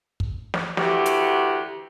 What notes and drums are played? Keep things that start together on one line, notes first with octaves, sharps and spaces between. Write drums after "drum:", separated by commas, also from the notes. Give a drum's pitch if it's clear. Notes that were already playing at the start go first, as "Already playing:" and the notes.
drum: kick
drum: snare
D2 E3 F#4 G4, drum: snare
drum: hi-hat